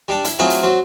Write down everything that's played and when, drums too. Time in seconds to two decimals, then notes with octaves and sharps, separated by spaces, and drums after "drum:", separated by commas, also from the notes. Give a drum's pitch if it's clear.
0.08 G3 D4 A5
0.25 E4, drum: hi-hat
0.39 F#3 A3 C4 E4 F4 G#4
0.50 drum: hi-hat
0.63 F#3 C4